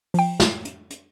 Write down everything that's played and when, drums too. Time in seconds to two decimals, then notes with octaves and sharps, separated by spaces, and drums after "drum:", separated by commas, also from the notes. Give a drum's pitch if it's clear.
0.14 F3 G5, drum: open hi-hat
0.40 drum: snare
0.65 drum: hi-hat
0.90 drum: hi-hat